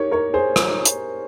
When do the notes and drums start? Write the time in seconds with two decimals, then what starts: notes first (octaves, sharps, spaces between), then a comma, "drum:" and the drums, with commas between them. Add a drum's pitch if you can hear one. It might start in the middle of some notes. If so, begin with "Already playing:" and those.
Already playing: D#4 G4 A#4 C#5
0.11 A#4 C#5
0.34 G#4 C5
0.56 drum: rim click
0.85 drum: hi-hat